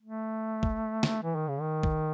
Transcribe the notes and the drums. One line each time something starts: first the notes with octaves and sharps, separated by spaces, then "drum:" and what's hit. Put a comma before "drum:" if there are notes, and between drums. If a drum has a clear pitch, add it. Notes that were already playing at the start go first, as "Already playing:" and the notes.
A3
drum: kick
drum: snare
E3
D#3
C#3
D#3
drum: kick